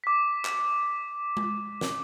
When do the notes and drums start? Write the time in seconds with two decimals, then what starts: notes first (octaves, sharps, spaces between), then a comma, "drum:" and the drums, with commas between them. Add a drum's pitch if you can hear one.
0.04 D6 B6
0.45 drum: clap
1.37 drum: tom G#3
1.81 drum: snare